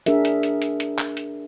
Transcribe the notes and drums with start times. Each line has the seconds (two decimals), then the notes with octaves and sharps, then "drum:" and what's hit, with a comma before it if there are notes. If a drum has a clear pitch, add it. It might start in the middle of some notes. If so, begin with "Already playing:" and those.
0.06 D4 G#4 A#4 E5, drum: hi-hat
0.25 drum: hi-hat
0.43 drum: hi-hat
0.62 drum: hi-hat
0.80 drum: hi-hat
0.98 drum: clap
1.17 drum: hi-hat